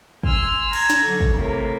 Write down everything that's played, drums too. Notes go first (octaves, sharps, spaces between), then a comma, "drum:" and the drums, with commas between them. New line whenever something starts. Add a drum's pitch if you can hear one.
G#5 C6 E6 F6, drum: kick
A#5 G#6, drum: cymbal
drum: snare
D3 F#3
drum: kick
A2 C3 A#3